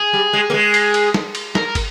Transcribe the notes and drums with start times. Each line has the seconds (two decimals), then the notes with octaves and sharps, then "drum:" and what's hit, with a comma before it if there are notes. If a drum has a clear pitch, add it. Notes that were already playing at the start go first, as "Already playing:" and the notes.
Already playing: G#4
0.13 G3
0.33 G#3
0.50 A#3
0.54 G#3
0.74 drum: cymbal
0.94 drum: cymbal
1.14 drum: snare
1.35 drum: cymbal
1.55 A#4, drum: snare
1.75 drum: kick, cymbal